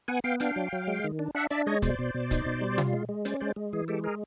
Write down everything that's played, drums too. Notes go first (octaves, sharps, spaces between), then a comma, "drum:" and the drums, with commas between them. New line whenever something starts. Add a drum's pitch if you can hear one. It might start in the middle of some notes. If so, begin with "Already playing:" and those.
B3 F#5 G#5
B3 F5 G5
D4 F5 G5, drum: hi-hat
F#3
F#3
G#3
D#3
D4
D4 E5 F#5
D4 D5 E5
G#3 C#5 D#5
B2 C5 D5, drum: kick, hi-hat
B2
B2
D#4, drum: kick, hi-hat
B2
G3
F4, drum: tom B2
G#3
G#3
C#4 C5 D5, drum: hi-hat
G#3 C5 D5
G#3
E3 G#4
G#3 G4 A4
G#4 A#4